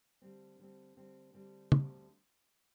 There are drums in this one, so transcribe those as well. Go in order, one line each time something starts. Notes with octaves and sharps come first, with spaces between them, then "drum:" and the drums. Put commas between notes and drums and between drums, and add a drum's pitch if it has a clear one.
D3 G3 C4
D3 G3 C4
D3 G3 C4
D3 G3 C4
D2 D3 G3 C4, drum: tom